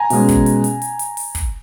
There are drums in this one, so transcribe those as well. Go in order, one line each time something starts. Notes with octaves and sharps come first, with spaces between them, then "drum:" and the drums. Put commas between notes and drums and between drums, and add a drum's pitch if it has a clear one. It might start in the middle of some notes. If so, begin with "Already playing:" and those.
Already playing: G#5 A#5
B2 G#3 C#4, drum: open hi-hat
drum: kick, hi-hat
drum: hi-hat
drum: hi-hat
drum: hi-hat
drum: hi-hat
drum: open hi-hat
drum: kick, hi-hat